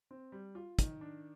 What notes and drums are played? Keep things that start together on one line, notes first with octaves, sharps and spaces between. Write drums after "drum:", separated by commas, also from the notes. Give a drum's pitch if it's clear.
C4
G3
F4
D#3, drum: kick, hi-hat
D4